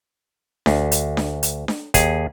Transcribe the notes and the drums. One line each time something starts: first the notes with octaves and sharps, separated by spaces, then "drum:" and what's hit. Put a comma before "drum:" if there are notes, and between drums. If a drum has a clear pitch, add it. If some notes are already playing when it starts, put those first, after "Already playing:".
D2, drum: snare D4
drum: hi-hat
drum: snare D4
drum: hi-hat
drum: snare D4
D#2 G#4, drum: kick, hi-hat